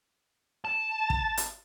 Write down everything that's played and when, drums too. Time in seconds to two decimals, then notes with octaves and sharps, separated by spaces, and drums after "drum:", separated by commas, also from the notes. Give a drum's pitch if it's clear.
0.65 A5
1.10 drum: kick
1.37 drum: hi-hat